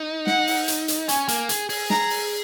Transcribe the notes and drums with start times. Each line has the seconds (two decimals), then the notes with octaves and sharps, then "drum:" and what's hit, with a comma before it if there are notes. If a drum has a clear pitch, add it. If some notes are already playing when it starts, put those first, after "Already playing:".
Already playing: D#4
0.27 F#5, drum: snare
0.47 drum: open hi-hat
0.68 drum: hi-hat
0.88 drum: hi-hat
1.09 C#4 G#5, drum: hi-hat
1.28 A#3, drum: hi-hat
1.49 G#4, drum: hi-hat
1.69 G#4, drum: open hi-hat
1.90 A#5, drum: snare
2.10 drum: open hi-hat